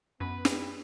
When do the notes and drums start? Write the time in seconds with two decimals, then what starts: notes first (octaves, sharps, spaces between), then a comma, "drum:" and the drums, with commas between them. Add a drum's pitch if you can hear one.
0.20 F#2 B3 B4
0.45 drum: snare